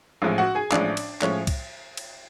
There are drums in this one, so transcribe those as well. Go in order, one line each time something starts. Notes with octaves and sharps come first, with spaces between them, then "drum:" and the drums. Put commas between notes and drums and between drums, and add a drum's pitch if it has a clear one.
A1 A2 F3 G#3
F#4 F#5
G#4 G#5
A1 A2 F3 G#3 D4 D5, drum: clap
drum: cymbal
A2 F3 G#3 C#4 C#5, drum: clap
drum: kick C2, cymbal
drum: cymbal